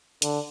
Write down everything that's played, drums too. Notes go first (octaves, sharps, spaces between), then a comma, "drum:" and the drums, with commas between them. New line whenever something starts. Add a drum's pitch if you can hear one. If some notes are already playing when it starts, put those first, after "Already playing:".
D3, drum: hi-hat